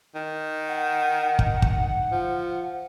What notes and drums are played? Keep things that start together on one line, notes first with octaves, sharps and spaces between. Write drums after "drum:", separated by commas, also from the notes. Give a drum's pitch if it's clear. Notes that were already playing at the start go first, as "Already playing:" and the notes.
D#3
F#5
drum: kick
drum: kick
F3